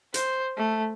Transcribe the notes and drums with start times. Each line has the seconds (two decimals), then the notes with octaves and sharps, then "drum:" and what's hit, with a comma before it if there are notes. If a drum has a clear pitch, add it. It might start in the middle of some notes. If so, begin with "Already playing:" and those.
0.14 C5, drum: hi-hat
0.57 A3